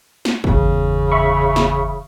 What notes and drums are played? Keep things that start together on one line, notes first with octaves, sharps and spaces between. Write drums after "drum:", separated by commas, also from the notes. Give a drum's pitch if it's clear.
drum: snare
G1 E2 C#3, drum: kick
E5 B5 C#6
drum: snare